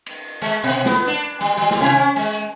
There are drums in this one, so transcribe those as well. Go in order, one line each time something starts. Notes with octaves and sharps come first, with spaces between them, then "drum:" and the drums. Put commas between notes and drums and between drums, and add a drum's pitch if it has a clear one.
drum: cymbal
G#3
B2
B3, drum: snare
D4
G3, drum: hi-hat
G3
drum: snare
C3
C#4
G#3